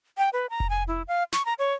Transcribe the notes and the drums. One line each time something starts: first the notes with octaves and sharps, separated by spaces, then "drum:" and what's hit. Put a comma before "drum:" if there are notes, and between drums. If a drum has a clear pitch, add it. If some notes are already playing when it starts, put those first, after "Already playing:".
G5
B4
A#5
drum: kick F1
G#5
E4
F5
C#6, drum: snare
A#5
C#5